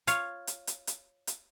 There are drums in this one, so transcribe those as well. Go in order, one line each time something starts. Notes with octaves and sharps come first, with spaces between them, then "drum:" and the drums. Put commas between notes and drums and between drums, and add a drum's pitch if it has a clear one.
F4 C#5 F5, drum: hi-hat
drum: hi-hat
drum: hi-hat
drum: hi-hat
drum: hi-hat